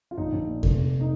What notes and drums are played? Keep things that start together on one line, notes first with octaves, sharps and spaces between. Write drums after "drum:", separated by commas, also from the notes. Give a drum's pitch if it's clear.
F4
A#1 D#4
A#1
A#2
F1, drum: kick F2
F1
D#4